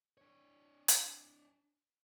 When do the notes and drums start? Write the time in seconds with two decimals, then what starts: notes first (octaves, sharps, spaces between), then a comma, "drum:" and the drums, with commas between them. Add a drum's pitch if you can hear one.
0.18 D4 C#5
0.88 drum: hi-hat